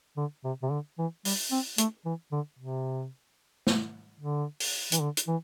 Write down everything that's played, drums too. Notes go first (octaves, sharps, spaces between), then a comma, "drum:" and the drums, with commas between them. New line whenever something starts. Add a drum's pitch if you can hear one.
D3
C3
C3
D3
E3
G3, drum: open hi-hat
C4
A3, drum: hi-hat
E3
D3
C3
drum: snare
D3
drum: open hi-hat
E3, drum: hi-hat
D3
drum: hi-hat
E3